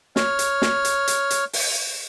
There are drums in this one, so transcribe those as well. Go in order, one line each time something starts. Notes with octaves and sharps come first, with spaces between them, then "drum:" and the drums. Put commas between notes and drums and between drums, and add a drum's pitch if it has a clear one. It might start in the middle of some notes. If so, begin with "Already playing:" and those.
C#5 F6, drum: snare
drum: hi-hat
drum: snare
drum: hi-hat
drum: hi-hat
drum: hi-hat
drum: open hi-hat